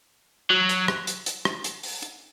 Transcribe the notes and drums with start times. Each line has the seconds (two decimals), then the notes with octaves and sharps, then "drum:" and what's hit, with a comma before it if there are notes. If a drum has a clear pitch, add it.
0.50 F#3
0.69 drum: hi-hat
0.88 drum: rim click
1.07 drum: hi-hat
1.26 drum: hi-hat
1.45 drum: rim click
1.64 drum: hi-hat
1.83 drum: open hi-hat
2.02 drum: hi-hat